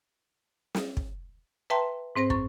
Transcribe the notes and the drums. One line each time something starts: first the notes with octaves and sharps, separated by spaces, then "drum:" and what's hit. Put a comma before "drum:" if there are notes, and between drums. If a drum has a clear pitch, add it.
drum: snare
drum: kick
B4 E5 G5 A5 A#5 C6
G#2 C4 C5 A#6
F#2 C#6, drum: kick